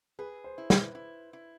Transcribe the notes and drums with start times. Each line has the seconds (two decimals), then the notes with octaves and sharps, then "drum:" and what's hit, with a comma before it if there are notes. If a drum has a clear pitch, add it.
0.19 G#4 B4
0.44 C5
0.58 E4
0.70 B4, drum: snare
0.95 E4
1.33 E4